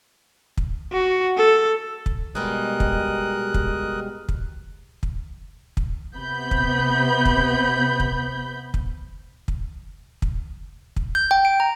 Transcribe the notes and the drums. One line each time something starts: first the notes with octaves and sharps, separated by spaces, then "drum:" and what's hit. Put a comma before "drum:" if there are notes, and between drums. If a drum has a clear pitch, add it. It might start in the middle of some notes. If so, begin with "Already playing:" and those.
drum: kick
F#4
A4
drum: kick
B2 G3 G#3 A#4 D#6 F#6
drum: kick
drum: kick
drum: kick
drum: kick
drum: kick
C3 B3 B5 G6
drum: kick
drum: kick
drum: kick
drum: kick
drum: kick
drum: kick
drum: kick
G6
G5
D7
A#5